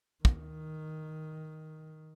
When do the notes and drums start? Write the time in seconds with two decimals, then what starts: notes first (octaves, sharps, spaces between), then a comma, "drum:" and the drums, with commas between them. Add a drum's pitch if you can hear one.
0.25 D#3, drum: kick